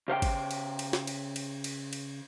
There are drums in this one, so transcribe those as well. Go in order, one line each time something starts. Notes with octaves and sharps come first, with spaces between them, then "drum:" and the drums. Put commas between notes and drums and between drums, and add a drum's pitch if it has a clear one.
C#3 C5 F5 G5
drum: kick, cymbal
drum: cymbal
drum: cymbal
drum: snare
drum: cymbal
drum: cymbal
drum: cymbal
drum: cymbal